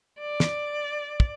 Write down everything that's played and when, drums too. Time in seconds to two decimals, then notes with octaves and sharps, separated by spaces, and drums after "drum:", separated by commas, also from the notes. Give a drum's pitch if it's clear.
0.20 D5
0.40 drum: snare
1.20 drum: kick